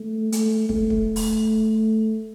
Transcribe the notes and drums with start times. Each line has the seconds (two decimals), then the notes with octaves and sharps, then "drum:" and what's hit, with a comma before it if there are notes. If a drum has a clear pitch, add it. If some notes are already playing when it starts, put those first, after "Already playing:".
Already playing: A3
0.32 A3, drum: hi-hat
0.69 A3, drum: kick
0.90 drum: kick
1.16 drum: open hi-hat